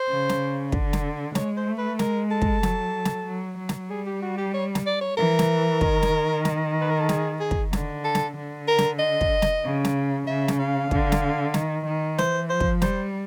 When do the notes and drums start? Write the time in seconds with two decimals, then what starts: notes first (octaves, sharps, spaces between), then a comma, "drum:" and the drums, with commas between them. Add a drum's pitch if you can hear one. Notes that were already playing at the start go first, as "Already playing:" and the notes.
Already playing: C5
0.09 C#3
0.29 drum: snare
0.72 D3, drum: kick
0.93 drum: snare
1.35 G#3 C#5, drum: snare
1.57 C5
1.67 A3
1.78 B4
1.99 G#3 A#4, drum: snare
2.31 A4
2.42 drum: kick
2.63 F#3, drum: snare
3.05 drum: snare
3.27 F#3
3.58 F#3
3.69 drum: snare
3.90 G3 G#4
4.07 G4
4.22 F#4
4.38 G4
4.54 C#5
4.75 drum: snare
4.86 D5
5.01 C#5
5.17 E3 A#4
5.39 drum: snare
5.81 D#3, drum: kick
6.02 drum: snare
6.45 drum: snare
6.81 B4
6.91 A#4
7.00 A4
7.09 G#4, drum: snare
7.40 G#4
7.51 drum: kick
7.73 D3, drum: snare
8.04 A4
8.15 drum: snare
8.36 D3
8.68 A#4
8.78 drum: snare
8.99 D#5
9.21 drum: kick
9.42 drum: snare
9.64 C#3
9.85 drum: snare
10.27 C#3 E5
10.48 drum: snare
10.59 F5
10.91 D3, drum: kick
11.12 drum: snare
11.54 D#3, drum: snare
11.86 D#3
12.18 E3 C5, drum: snare
12.50 F3 C5
12.60 drum: kick
12.82 G3 C5, drum: snare